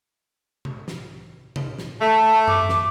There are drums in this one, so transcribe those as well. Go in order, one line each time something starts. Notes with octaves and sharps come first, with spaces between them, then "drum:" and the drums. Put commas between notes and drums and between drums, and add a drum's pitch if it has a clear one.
drum: tom C3
drum: snare
drum: tom C3
drum: snare
A3 A5
D6, drum: tom F#2
drum: snare